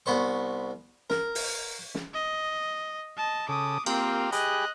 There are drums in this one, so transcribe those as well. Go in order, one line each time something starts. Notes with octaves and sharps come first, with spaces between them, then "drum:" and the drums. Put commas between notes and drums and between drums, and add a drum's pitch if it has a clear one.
C2 B3 C5 C#6
A#4, drum: snare
drum: open hi-hat
drum: snare
D#5
D#5 A5
C#3 A4 D6 D#6
A#3 C4 F4 G4 A#4, drum: cymbal
G4 G#4 D#5 B5 F#6, drum: hi-hat